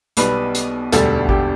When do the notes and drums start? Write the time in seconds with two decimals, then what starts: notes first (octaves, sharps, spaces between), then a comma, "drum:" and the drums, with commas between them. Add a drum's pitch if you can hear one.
0.17 B1 B2 G3 B4, drum: hi-hat
0.55 drum: hi-hat
0.92 E1 D2 D3 G3 A4, drum: hi-hat
1.29 G4, drum: kick A1